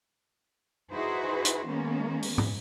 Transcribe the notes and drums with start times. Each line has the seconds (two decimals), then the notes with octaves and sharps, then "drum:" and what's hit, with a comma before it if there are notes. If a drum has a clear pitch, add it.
0.92 D#4 E4 F#4 G#4 B4 C5
1.45 drum: hi-hat
1.67 D#3 G#3 A#3 B3 C#4
2.22 drum: open hi-hat
2.38 drum: tom